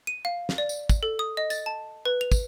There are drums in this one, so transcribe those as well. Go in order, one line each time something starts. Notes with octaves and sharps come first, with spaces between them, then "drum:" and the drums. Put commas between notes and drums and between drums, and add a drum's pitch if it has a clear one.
D#7
F5
drum: snare
D5
drum: tambourine
drum: kick, tambourine
A4
D#6
D#5
A6, drum: tambourine
A5
B4
F7
drum: kick, tambourine